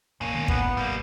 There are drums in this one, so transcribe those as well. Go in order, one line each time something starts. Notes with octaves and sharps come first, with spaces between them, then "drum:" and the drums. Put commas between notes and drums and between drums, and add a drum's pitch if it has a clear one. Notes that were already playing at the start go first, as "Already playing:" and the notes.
F1 C#2 A#2 A#3 C#4
D#3 B3
F#2 A2 B3, drum: kick
D#2
C2 G#2 G3 A#3